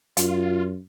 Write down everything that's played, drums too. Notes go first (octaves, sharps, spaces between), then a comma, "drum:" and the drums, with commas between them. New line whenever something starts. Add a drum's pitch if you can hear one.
F#2 F4, drum: hi-hat